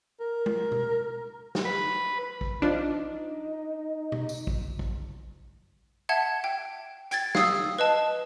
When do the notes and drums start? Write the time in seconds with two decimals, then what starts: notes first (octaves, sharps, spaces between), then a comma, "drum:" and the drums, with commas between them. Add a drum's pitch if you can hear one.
0.20 A#4
0.46 drum: tom G#3
0.72 drum: tom B2
1.55 drum: snare
1.65 B4
2.41 drum: kick
2.62 F3 D4 D#4
4.12 drum: tom B2
4.29 drum: tambourine
4.47 drum: kick
4.79 drum: kick
6.09 E5 F#5 A5 G#6
6.44 G5
7.11 G5 G#6 A6, drum: hi-hat
7.35 F5 D#6 E6, drum: snare
7.79 B4 D#5 A5